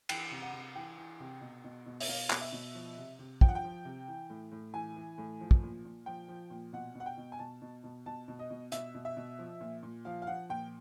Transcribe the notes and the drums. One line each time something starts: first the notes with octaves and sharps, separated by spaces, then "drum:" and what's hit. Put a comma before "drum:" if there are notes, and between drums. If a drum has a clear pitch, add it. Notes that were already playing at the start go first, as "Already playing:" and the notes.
E3 G5, drum: cymbal
C3
F#5
C3
E3 G5
E3
C3
B2
B2
B2
E5, drum: open hi-hat
B2 F5
B2, drum: clap
E5
B2
F3
C3
C3
F3 G5, drum: kick
F#5
G5
F3
C3
E3
A2
A2
E3 G#5
E3
A2
F3
drum: kick
A#2
A#2
F3 G5
F3
A#2
B2 F#5
B2 F#5
G5
B2
G#5
B2 A5
B2
B2
B2 A5
B2
D#5
B2
B2 E5, drum: hi-hat
B2
E5
B2
F3
A#2
A#2
F3 F5
F5
F3 F#5
A#2 G5